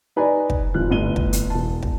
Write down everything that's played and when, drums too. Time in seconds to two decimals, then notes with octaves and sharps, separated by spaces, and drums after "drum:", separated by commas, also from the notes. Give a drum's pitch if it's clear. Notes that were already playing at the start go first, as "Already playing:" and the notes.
0.16 D#4 B4 D5 G#5 A#5
0.50 drum: kick
0.74 G#1 F3 F#6
0.90 G1 A2 D#7 G7
1.16 drum: kick
1.33 drum: hi-hat
1.50 E1 A5
1.82 drum: kick